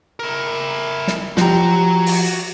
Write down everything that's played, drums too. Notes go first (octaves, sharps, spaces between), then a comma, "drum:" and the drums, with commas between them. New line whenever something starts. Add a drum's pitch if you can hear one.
E4 A#4
drum: snare
F3 F#4 G4 A#5, drum: snare
drum: open hi-hat